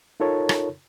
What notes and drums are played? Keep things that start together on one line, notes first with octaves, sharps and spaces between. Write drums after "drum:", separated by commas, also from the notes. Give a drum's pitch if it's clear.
D#4 F4 A4 A#4 C#5 A5
drum: rim click